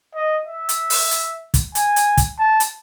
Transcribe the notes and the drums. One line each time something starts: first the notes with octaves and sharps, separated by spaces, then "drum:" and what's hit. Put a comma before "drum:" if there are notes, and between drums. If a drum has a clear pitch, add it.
D#5
E5
drum: hi-hat
drum: open hi-hat
drum: hi-hat
drum: kick, hi-hat
G#5, drum: hi-hat
drum: hi-hat
drum: kick, hi-hat
A5
drum: hi-hat